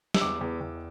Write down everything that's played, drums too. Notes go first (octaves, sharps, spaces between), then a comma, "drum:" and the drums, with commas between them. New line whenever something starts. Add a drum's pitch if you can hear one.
E6, drum: snare
E2 D6
E2
E2